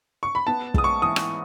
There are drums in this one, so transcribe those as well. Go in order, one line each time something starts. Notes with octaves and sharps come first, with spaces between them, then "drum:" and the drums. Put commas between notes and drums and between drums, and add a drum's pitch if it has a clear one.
C#6
B5
B3 A5
G#3 D#6, drum: kick
C#6
E3 D#6
drum: rim click